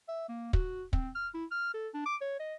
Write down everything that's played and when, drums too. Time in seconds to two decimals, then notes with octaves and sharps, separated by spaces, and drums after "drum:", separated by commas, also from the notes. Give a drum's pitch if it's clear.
0.09 E5
0.29 A#3
0.53 F#4, drum: kick
0.93 C4, drum: kick
1.15 F6
1.34 E4
1.52 F6
1.74 A4
1.94 D4
2.06 D6
2.21 C#5
2.40 D#5